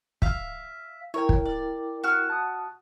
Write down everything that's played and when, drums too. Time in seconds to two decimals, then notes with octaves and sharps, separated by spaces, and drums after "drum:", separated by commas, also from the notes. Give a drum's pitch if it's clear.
0.22 E5 F5, drum: kick
1.14 E4 A#4 C#5 G5
1.29 drum: kick
1.45 D5
2.04 F#4 F6
2.30 A5 D#6